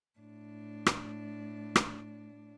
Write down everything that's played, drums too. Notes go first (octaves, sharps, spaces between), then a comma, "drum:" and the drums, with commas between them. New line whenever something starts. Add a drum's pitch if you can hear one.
A2 D4
drum: rim click
drum: rim click